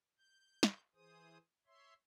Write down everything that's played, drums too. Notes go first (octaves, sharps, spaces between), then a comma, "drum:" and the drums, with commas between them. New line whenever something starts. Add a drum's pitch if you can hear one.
G6
drum: snare
E3 G#4 C5 D#6
C#5 E5 C6